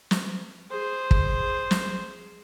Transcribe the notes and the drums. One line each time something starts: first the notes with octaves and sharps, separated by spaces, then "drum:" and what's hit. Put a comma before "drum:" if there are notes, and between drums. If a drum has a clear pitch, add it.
drum: snare
G#4 C5
drum: kick
drum: snare